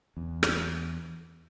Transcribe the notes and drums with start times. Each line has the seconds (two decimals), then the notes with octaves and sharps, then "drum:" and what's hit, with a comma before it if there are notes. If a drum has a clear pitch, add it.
0.17 E2
0.43 drum: rim click